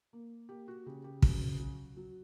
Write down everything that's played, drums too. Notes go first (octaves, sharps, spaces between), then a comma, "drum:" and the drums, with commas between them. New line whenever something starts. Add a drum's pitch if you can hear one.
A#3
A#3 G4
F#4
C#3 G4
G4
C#3 F#4, drum: kick
F#3
F#3